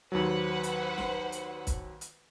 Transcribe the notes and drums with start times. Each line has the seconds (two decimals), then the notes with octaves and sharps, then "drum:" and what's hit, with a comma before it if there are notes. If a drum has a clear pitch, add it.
0.12 D#2 F#3 B4 C5 F#5
0.63 drum: hi-hat
0.98 drum: snare
1.32 drum: hi-hat
1.67 drum: kick, hi-hat
2.01 drum: hi-hat